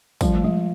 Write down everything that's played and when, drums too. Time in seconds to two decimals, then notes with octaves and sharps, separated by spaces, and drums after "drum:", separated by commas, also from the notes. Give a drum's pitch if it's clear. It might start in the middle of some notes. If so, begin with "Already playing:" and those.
0.21 F3 G3, drum: kick, tambourine
0.35 A3
0.44 F3 G#3